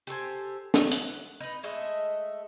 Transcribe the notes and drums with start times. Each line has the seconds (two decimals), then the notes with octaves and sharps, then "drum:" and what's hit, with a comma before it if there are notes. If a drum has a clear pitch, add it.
0.07 G4 A4 C5 G#5
0.74 F#5, drum: snare
0.91 drum: hi-hat
1.40 D#4 B4
1.63 G#3 A3 D#5 E5